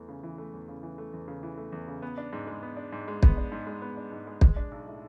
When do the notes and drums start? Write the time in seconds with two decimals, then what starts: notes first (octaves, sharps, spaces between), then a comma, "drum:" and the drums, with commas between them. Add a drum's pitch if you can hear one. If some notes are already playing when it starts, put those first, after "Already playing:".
Already playing: E2 E3 A3
0.08 C#3
0.23 E3
0.38 A3
0.53 E2
0.68 C#3
0.83 E3
0.98 A3
1.13 E2
1.28 C#3
1.43 E3
1.57 A3
1.72 E2
1.88 C#3
2.02 B3
2.18 D4
2.33 G#2
2.47 G#3
2.63 B3
2.77 D4
2.92 G#2
3.08 G#3
3.23 B3, drum: kick
3.37 D4
3.52 G#2
3.67 G#3
3.82 B3
3.97 D4
4.12 G#2
4.27 G#3
4.41 G#3, drum: kick
4.56 D4
4.71 B1
4.87 A2